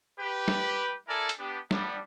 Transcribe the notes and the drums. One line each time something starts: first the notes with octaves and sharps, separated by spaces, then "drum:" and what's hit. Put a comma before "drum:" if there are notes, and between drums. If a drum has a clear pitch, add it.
G4 B4
drum: snare
E4 A4 A#4 D5 G#5 A5
drum: hi-hat
B3 D4 G4
G3 B3 D4, drum: snare